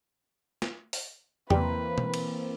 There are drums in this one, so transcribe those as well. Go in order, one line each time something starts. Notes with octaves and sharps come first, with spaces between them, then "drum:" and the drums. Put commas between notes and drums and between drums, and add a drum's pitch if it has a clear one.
drum: snare
drum: open hi-hat
E3 G3 A#3 C4 G4 B4, drum: tom E2
drum: tom B2
drum: cymbal